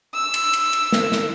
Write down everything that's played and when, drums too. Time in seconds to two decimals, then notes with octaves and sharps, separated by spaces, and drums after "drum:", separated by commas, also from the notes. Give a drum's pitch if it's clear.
0.14 E6
0.34 drum: cymbal
0.53 drum: cymbal
0.73 drum: cymbal
0.92 drum: snare
1.12 drum: snare